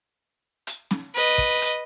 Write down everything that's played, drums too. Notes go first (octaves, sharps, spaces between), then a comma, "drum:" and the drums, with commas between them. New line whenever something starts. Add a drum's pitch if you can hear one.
drum: hi-hat
drum: snare
B4 D#5
drum: kick
drum: hi-hat